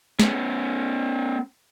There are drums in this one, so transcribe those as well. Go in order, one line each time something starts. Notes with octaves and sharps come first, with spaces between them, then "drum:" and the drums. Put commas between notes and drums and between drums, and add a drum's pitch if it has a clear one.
B3 C#4, drum: snare